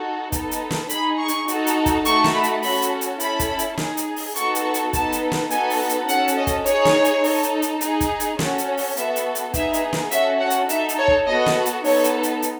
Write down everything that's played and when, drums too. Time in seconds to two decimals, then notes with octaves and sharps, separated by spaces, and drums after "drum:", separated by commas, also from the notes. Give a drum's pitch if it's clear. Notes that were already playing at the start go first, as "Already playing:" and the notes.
Already playing: D#4 F#4 A4
0.32 B3 D#4 A4, drum: kick, hi-hat
0.51 drum: hi-hat
0.71 drum: snare
0.89 D#4 G#4 B5, drum: hi-hat
1.19 C#6
1.28 drum: hi-hat
1.48 D#4 F#4 A4, drum: hi-hat
1.67 drum: hi-hat
1.86 drum: kick, hi-hat
2.05 A3 D#4 F#4 A4 C#6, drum: hi-hat
2.24 drum: snare
2.34 B5
2.43 drum: hi-hat
2.63 C#4 F#4 A4 B5, drum: open hi-hat
2.82 drum: hi-hat
3.01 drum: hi-hat
3.20 C#4 E4 A4 B5, drum: hi-hat
3.39 drum: kick, hi-hat
3.59 drum: hi-hat
3.77 D#4 G#4, drum: snare
3.97 drum: hi-hat
4.16 drum: open hi-hat
4.36 B3 D#4 F#4 A4 C#6, drum: hi-hat
4.55 drum: hi-hat
4.64 C#6
4.74 drum: hi-hat
4.93 B3 D#4 A4 A5, drum: kick, hi-hat
5.12 drum: hi-hat
5.32 drum: snare
5.50 B3 D#4 F#4 A4 G#5, drum: hi-hat
5.70 drum: open hi-hat
5.89 drum: hi-hat
6.09 C#4 F#4 A4 F#5, drum: hi-hat
6.28 drum: hi-hat
6.37 D#5
6.47 drum: kick, hi-hat
6.66 D#4 G#4 C#5, drum: hi-hat
6.85 drum: snare
7.04 drum: hi-hat
7.24 D#4 A4, drum: open hi-hat
7.43 drum: hi-hat
7.62 drum: hi-hat
7.81 D#4 G#4, drum: hi-hat
8.01 drum: kick, hi-hat
8.20 drum: hi-hat
8.39 C#4 F#4 A4, drum: snare
8.58 drum: hi-hat
8.77 drum: open hi-hat
8.96 B3 F#4 A4 E5, drum: hi-hat
9.16 drum: hi-hat
9.35 drum: hi-hat
9.54 B3 D#4 G#4 E5, drum: kick, hi-hat
9.73 drum: hi-hat
9.93 drum: snare
10.11 C#4 F#4 A4 E5, drum: hi-hat
10.40 F#5
10.50 drum: hi-hat
10.69 D#4 A4 E5, drum: hi-hat
10.89 drum: hi-hat
10.98 C#5
11.08 drum: kick
11.27 B3 F#4 A4 D#5
11.46 drum: snare
11.66 drum: hi-hat
11.84 B3 D#4 A4 C#5, drum: open hi-hat
12.04 drum: hi-hat
12.23 drum: hi-hat
12.42 drum: hi-hat